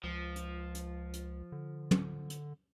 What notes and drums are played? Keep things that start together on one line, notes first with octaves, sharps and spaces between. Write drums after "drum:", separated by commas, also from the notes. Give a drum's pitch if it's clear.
C#2 F3
drum: hi-hat
drum: hi-hat
drum: hi-hat
D3
drum: tom
drum: hi-hat